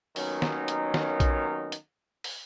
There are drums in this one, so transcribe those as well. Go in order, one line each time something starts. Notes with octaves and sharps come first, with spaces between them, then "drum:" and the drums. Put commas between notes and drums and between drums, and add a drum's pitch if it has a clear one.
D#2 D#3 F#3 B3 C#4 D#4, drum: open hi-hat
drum: snare
drum: hi-hat
drum: snare
drum: kick A#1, hi-hat
drum: hi-hat
drum: open hi-hat